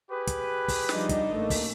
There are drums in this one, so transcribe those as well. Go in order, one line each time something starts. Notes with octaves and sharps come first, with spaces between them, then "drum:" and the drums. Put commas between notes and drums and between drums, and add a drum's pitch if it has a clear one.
G4 G#4 B4
drum: kick, hi-hat
drum: kick, open hi-hat
F3 G3 D4 D#4 D#5, drum: snare
drum: kick, hi-hat
A1 A3 A#3
drum: kick, open hi-hat